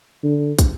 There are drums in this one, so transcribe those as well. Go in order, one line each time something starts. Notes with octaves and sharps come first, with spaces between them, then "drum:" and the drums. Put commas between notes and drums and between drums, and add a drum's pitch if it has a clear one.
D3
drum: kick, hi-hat